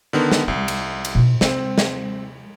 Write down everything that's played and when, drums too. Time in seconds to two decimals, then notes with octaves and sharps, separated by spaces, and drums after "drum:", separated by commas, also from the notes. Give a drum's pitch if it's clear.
0.13 D3 D#3 B3
0.32 drum: snare
0.48 C2 C#4
0.68 drum: cymbal
1.05 drum: cymbal
1.15 B2 D#4
1.41 C3 C4, drum: snare
1.78 drum: snare